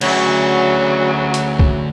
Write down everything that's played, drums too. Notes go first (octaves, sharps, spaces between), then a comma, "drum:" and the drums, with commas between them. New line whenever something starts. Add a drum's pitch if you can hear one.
D2 C#3 E3 F#3, drum: cymbal
drum: hi-hat
drum: kick